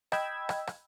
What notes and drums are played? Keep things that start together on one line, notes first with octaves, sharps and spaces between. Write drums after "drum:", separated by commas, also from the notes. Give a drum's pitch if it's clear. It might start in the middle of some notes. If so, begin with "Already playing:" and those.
D#5 G5 B5 E6 G#6, drum: rim click
drum: rim click
drum: rim click